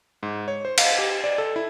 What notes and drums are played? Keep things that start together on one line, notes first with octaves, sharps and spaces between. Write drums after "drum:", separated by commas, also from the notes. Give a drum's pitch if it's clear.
G#2
C#5
C5
F5, drum: cymbal
G4
D5
A4
E4